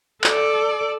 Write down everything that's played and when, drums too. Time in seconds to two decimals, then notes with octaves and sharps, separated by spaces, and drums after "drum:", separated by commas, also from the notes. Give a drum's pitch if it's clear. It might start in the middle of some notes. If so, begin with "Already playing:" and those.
0.24 A4 D5, drum: clap